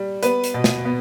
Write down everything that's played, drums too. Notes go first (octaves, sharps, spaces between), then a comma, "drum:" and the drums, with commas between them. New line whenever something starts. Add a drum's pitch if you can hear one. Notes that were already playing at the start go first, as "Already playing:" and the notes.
Already playing: G3
B3 B4, drum: hi-hat
drum: hi-hat
B2
drum: snare
B3